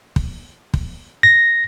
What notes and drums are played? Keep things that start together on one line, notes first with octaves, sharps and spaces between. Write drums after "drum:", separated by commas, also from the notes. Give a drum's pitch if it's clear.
drum: kick
drum: kick
A#6